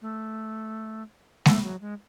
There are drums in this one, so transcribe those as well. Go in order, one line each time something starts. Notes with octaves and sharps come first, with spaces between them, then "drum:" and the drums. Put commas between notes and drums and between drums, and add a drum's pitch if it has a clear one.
A3
A3, drum: snare G#3
F#3
G#3